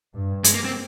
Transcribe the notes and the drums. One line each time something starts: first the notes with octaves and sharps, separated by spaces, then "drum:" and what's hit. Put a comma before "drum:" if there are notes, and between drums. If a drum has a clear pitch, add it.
G2
G#3, drum: hi-hat
A#3
C4